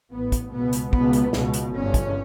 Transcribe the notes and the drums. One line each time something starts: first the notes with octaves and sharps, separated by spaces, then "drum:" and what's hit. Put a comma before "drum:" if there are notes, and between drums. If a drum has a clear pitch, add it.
A1 A2 B3
drum: kick, hi-hat
C#2 B2 B3
drum: hi-hat
C#2 B2 B3, drum: kick
drum: hi-hat
C#2 B2, drum: snare
drum: hi-hat
G1 G2 C#4
drum: kick, hi-hat